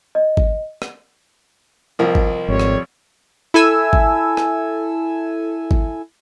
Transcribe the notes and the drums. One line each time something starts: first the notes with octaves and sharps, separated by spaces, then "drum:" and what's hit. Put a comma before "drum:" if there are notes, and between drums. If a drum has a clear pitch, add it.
D#5
drum: kick G#1
drum: rim click
C2 F3 A#4 D#5
drum: kick G#1
G#1 F2 G3 C#5
drum: rim click
E4 A4 G#5 E6
drum: kick G#1
drum: rim click
drum: kick G#1